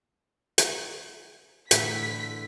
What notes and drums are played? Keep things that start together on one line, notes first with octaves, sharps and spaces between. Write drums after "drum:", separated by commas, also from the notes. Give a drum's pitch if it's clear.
drum: hi-hat
A2 D3 E3 B6, drum: hi-hat